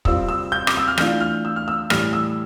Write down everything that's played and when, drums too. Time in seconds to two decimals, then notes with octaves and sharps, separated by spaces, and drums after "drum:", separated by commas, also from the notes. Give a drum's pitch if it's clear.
0.05 C3 G3 C4 F4 E6, drum: kick
0.29 E6
0.52 G6
0.67 D6, drum: rim click
0.77 E6
0.88 F6
0.98 E3 A3 D4 F4 G6, drum: rim click
1.20 F6
1.45 E6
1.56 F6
1.68 E6
1.90 A2 E3 G3 F6, drum: rim click
2.13 E6